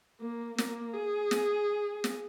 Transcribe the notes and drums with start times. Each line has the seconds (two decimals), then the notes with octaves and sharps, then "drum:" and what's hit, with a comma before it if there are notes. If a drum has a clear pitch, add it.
0.21 A#3
0.58 A#3, drum: snare
0.94 G#4
1.31 drum: snare
2.04 drum: snare